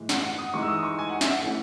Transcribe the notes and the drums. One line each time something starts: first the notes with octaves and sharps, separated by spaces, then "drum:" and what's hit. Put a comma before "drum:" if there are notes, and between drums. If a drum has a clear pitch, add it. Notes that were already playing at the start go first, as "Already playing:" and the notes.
Already playing: A2 E3 G#3
F#5, drum: snare
F#5
D#6
E3 G#3 D#4 C#6
E6
D#6
C#6
G#5
F#5
E5, drum: snare
F#5
E3 A3 C#4 E4 F#5